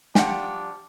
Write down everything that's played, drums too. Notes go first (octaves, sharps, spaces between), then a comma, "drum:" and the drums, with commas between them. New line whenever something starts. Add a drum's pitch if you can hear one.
F3 G3 D4 F#5 G5, drum: snare